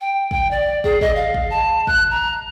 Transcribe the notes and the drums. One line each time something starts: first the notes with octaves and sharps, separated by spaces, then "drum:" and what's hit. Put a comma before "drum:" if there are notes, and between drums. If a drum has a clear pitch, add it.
G5
G5, drum: kick
D5
G#4, drum: kick
D#5, drum: kick
F5
drum: kick
A5
F#6, drum: kick
A#5